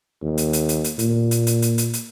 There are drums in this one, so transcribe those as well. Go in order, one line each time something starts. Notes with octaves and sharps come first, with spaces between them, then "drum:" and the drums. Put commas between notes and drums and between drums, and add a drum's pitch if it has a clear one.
D#2
drum: hi-hat
drum: hi-hat
drum: hi-hat
drum: hi-hat
A#2, drum: hi-hat
drum: hi-hat
drum: hi-hat
drum: hi-hat
drum: hi-hat
drum: hi-hat